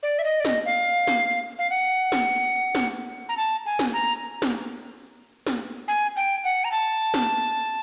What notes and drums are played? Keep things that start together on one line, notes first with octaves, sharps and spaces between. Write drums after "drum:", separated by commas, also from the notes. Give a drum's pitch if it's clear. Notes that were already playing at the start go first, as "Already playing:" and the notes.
D5
E5
D#5
D5
D#5, drum: snare
F5
drum: snare
F5
F#5
drum: snare
drum: snare
A#5
A5
G#5
drum: snare
A#5
drum: snare
drum: snare
G#5
G5
F#5
A#5
A5
drum: snare